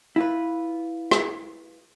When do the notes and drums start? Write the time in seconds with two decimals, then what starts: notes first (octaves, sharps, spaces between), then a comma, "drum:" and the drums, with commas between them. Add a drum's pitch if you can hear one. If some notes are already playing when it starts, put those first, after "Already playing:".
0.16 E4 F4 B4
1.11 drum: rim click